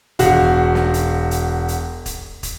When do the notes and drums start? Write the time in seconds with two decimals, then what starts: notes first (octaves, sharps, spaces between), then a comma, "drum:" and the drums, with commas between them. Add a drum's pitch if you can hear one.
0.19 E1 F#4 F5, drum: kick, hi-hat
0.75 drum: snare
0.94 drum: hi-hat
1.31 drum: hi-hat
1.68 drum: hi-hat
2.06 drum: kick, hi-hat
2.43 drum: kick, hi-hat